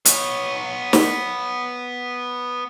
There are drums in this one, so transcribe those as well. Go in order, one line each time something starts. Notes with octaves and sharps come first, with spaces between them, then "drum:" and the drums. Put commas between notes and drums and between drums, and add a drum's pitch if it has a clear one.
B3 C#5, drum: hi-hat
drum: snare